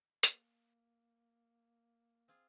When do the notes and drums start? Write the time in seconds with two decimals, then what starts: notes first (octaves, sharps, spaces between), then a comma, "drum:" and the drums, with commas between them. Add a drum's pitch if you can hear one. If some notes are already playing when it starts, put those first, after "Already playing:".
0.23 A#3, drum: hi-hat
2.28 C4 F4 G#4